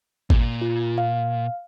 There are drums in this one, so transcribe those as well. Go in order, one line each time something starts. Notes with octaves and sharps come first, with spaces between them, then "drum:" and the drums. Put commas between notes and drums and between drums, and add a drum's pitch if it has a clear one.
A#2, drum: kick G#1
F4
F5